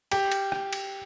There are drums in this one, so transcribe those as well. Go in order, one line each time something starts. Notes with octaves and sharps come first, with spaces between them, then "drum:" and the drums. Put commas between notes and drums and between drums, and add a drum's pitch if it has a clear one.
G4, drum: cymbal
drum: cymbal
drum: rim click
drum: cymbal